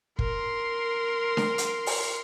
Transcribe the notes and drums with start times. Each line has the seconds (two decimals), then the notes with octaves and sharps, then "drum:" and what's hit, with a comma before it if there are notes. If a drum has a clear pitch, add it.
0.19 A#4 C6, drum: kick
1.37 drum: snare D4
1.58 drum: hi-hat
1.86 drum: open hi-hat